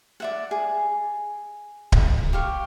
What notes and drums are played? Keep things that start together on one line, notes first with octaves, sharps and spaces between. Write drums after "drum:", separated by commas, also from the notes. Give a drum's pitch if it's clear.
D5 E5 F#5
G#4
drum: kick D1
G4 F5 C#6